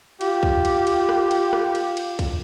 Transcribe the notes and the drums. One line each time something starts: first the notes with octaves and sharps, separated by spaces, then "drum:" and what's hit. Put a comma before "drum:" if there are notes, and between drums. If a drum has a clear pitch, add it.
F4 G4, drum: cymbal
drum: kick
drum: cymbal
drum: cymbal
drum: rim click
drum: cymbal
drum: rim click
drum: cymbal
drum: cymbal
drum: kick, cymbal